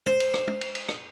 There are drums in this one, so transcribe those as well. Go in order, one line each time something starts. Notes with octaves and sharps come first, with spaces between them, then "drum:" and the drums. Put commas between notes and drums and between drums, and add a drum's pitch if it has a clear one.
C5, drum: tom
drum: cymbal
drum: rim click
drum: tom
drum: cymbal
drum: cymbal
drum: rim click